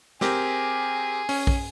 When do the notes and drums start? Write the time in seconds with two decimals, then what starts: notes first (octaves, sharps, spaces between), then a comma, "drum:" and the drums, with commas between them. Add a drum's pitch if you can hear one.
0.21 C4 G4 G#4 A#4, drum: snare
1.29 C#4, drum: open hi-hat
1.47 drum: kick A#1